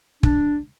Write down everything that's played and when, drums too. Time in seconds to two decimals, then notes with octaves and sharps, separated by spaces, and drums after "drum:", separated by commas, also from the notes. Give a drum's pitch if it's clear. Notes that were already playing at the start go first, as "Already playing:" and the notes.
0.23 D4, drum: kick